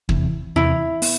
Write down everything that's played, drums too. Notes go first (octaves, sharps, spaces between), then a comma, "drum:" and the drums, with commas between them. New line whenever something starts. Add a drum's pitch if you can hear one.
E2 C3 E3, drum: kick
E2 C3 E3 E4
B3, drum: open hi-hat